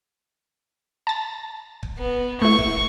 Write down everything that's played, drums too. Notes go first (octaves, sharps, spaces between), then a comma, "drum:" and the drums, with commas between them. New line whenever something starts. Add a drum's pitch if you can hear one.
A5 A6
drum: kick
B3
A3 E4 C#6
drum: kick